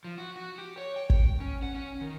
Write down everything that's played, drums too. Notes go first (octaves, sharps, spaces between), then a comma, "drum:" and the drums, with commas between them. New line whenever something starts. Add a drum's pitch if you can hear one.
F3
F#4
F#4
G4
C#5
G5
drum: kick
C#4
F#5
C#4
D#3